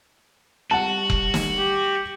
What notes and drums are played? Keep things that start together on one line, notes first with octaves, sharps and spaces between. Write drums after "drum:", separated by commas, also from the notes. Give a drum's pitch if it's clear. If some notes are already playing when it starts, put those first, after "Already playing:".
G3 F#4 F#5 A5
drum: kick E1
drum: snare
G4